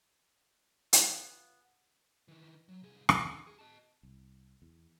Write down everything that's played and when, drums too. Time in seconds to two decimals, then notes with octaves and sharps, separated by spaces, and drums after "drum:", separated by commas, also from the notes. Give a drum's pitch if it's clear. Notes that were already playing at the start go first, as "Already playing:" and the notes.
0.93 C#3 B3 F4 G#5, drum: hi-hat
2.28 D#3 E3
2.69 F#3
2.83 C2 G#4
3.09 D#4 G5, drum: rim click
3.47 G#4
3.59 D#5 A5
4.03 C2
4.62 E2